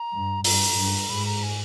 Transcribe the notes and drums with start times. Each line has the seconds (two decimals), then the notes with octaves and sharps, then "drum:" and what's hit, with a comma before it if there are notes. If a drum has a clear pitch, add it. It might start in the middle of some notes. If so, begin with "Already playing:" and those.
Already playing: A#5
0.13 G2
0.44 G2 A#5, drum: open hi-hat
0.78 G2
1.10 G#2 B5
1.26 A#5
1.43 G#5